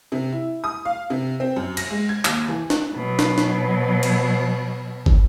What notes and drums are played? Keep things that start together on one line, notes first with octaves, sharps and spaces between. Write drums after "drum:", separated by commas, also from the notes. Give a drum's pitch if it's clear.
C3
E4
D#6
F5
C3
C4
F#2
A#6, drum: cymbal
G#3
G#6
D#2, drum: clap
E3
drum: snare
B2 F#3
drum: snare
drum: snare
drum: cymbal
drum: kick